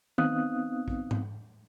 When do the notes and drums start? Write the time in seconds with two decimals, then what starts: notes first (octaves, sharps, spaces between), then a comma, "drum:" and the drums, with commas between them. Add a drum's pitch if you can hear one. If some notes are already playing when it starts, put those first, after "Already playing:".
0.18 B3 C4 D#4 F5 D#6 F#6, drum: tom D#3
0.88 drum: kick A#1
1.11 drum: tom G#2